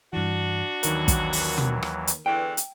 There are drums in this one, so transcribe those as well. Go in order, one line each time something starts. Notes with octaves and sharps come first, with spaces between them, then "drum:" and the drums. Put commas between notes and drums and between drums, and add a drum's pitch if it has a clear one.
G2 E3 D4 F#4
D#2 D#3 E3 F#3 A#4, drum: hi-hat
drum: kick, hi-hat
drum: open hi-hat
drum: tom
drum: rim click
drum: hi-hat
E2 D3 E3 G5
drum: hi-hat